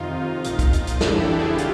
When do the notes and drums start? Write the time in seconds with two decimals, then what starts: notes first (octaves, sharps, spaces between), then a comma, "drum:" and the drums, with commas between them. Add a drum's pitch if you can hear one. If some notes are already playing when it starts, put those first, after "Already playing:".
Already playing: F2 C3 D#3 D#4 F4
0.44 A#1 A#2 F3, drum: hi-hat
0.59 drum: kick, hi-hat
0.73 drum: hi-hat
0.87 drum: hi-hat
1.01 G1 F2 C#3 E3 D4 E4, drum: snare
1.20 G4 A4
1.38 F#4 G#4
1.58 F4 G4, drum: hi-hat